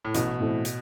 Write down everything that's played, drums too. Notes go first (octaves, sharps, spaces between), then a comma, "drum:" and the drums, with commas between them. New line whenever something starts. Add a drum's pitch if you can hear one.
A2
A1 B2, drum: hi-hat
A2 E3 A3 C4
drum: hi-hat